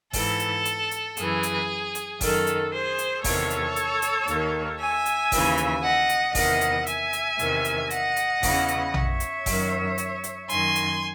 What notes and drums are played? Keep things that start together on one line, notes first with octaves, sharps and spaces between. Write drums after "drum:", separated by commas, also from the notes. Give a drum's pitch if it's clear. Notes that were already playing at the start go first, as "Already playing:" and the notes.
G#2 E3 A4, drum: kick F#1, open hi-hat
drum: hi-hat
drum: hi-hat
drum: hi-hat
F#2 E3 G#4, drum: hi-hat
drum: hi-hat
drum: hi-hat
F#2 D#3 A4, drum: kick F#1, open hi-hat
drum: hi-hat
G#4 C5
drum: hi-hat
E2 C3 D#3 A4 C#5, drum: kick F#1, open hi-hat
drum: hi-hat
drum: hi-hat
drum: hi-hat
D#2 D#3, drum: hi-hat
E5 G#5
drum: hi-hat
D#2 C#3 E3, drum: kick F#1, open hi-hat
drum: hi-hat
D#5 F#5
drum: hi-hat
E2 C3 D#3 D#5 F#5, drum: kick F#1, open hi-hat
drum: hi-hat
E5 G#5, drum: hi-hat
drum: hi-hat
E2 C3 D#3, drum: hi-hat
drum: hi-hat
D#5 F#5, drum: hi-hat
drum: hi-hat
E2 C#3 E3, drum: kick F#1, open hi-hat
drum: hi-hat
C#5 E5, drum: tom A#1
drum: hi-hat
F#2 D#3, drum: kick F#1, open hi-hat
drum: hi-hat
drum: hi-hat
F#2 D#3 G#5 C6, drum: hi-hat
drum: hi-hat